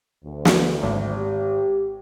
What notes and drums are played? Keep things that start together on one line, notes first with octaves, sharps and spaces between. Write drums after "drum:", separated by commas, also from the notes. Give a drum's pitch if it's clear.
D2
drum: snare
G#1
G4